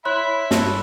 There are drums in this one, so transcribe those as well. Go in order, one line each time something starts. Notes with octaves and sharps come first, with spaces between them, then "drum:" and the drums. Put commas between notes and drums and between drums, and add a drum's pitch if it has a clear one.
C#5 E5 B5 C6 F#6
G2 F#4 A4, drum: snare